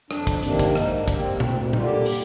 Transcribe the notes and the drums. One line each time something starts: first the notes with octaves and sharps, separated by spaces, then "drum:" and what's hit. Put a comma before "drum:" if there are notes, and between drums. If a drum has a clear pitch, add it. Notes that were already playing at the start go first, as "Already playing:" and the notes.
F2 D4, drum: rim click
drum: kick, hi-hat
C3 D#3 A#3 D4, drum: hi-hat
drum: kick, hi-hat
G#2 D#4, drum: rim click
D4
G3 A#3, drum: kick, hi-hat
C4
D2 C4, drum: tom A#2
D4
D#4
D3 G3 A#3 F4, drum: tom A#2
G4
drum: open hi-hat